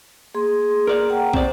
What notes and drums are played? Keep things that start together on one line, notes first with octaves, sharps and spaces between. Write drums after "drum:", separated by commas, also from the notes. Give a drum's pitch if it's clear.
A#3 G#4 C6
A#4 D5
F#5 G5 A#5
C4 C5 D5, drum: kick